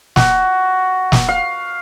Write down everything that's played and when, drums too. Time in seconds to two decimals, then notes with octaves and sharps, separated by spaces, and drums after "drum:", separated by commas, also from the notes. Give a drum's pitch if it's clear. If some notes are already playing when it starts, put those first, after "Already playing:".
0.16 F#4, drum: snare
1.12 drum: snare
1.28 F5